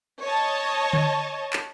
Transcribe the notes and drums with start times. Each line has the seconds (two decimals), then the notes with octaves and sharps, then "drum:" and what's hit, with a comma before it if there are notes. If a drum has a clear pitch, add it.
0.23 C#5 D#5 A5
0.93 drum: tom D3
1.53 drum: clap